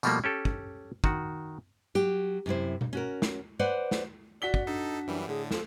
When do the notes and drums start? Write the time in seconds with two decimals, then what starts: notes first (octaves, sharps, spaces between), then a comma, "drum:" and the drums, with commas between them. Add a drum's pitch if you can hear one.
0.03 B2 F3 G3 A3 A#3, drum: tambourine
0.24 C#4 G4 A4
0.45 drum: kick
1.04 D#3 F#4, drum: kick
1.95 F#3 G4
2.46 F#2 C3 E4 C5
2.81 drum: tom B2
2.93 C#4 F#4 A#4
3.22 drum: snare
3.59 B4 C5 D5 F#5
3.91 drum: snare
4.42 F#4 D5 B6 G7
4.54 drum: kick
4.67 D4 D#4 A4
5.07 F#2 E3 G3
5.28 A2 D3 G#4
5.51 F2 F3 A4, drum: snare